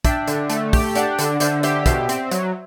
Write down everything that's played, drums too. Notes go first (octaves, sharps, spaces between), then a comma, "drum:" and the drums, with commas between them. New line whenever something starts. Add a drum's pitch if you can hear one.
D4 E5 G5, drum: kick, hi-hat
D3, drum: hi-hat
A3, drum: hi-hat
G4, drum: kick, open hi-hat
D4 D5 F#5, drum: hi-hat
D3, drum: hi-hat
D3 C5 E5, drum: hi-hat
G4 C5 E5, drum: hi-hat
B2 C5 E5, drum: kick, hi-hat
C4, drum: hi-hat
F#3, drum: hi-hat